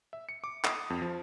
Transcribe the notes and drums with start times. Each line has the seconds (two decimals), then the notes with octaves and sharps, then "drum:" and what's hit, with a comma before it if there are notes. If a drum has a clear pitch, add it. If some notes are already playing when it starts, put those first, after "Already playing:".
0.13 E5
0.29 C#7
0.44 D6
0.65 D#6, drum: clap
0.90 F2
1.02 F3